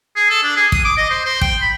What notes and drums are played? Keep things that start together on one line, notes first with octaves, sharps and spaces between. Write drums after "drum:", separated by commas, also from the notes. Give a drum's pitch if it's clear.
G#4
A4
D4
G#4
D#6, drum: kick
D6
D#5
C5
C5
G5, drum: kick
B5